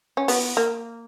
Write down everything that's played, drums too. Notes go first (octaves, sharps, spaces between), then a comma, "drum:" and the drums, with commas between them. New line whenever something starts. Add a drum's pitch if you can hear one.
C#4
B3, drum: open hi-hat
A#3